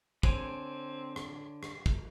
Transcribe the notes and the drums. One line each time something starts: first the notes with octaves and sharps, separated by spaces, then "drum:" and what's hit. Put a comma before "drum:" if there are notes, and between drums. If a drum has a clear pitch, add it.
D3 C4 C#5 G#5, drum: kick
drum: rim click
drum: rim click
drum: kick